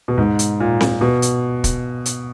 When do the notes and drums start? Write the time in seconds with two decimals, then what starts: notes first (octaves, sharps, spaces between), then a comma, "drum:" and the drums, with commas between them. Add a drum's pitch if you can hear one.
0.08 B2
0.18 G#2
0.39 drum: hi-hat
0.60 A#2
0.81 drum: snare C4
1.01 B2
1.22 drum: hi-hat
1.64 drum: kick, hi-hat
2.06 drum: hi-hat